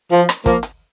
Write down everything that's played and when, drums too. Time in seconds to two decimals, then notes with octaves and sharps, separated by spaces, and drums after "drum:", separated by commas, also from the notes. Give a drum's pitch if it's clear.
0.12 F3
0.29 drum: rim click
0.46 F3 A#3, drum: kick, hi-hat
0.63 drum: hi-hat